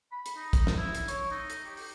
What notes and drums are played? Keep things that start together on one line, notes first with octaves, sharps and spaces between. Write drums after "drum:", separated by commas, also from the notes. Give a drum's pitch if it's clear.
B5
drum: hi-hat
D#4
drum: kick, hi-hat
drum: snare
E4
drum: hi-hat
C#5, drum: hi-hat
D#4
drum: hi-hat
G4
drum: open hi-hat